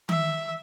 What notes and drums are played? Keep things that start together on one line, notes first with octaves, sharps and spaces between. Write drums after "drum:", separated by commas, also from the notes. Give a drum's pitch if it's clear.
E5, drum: tom D#3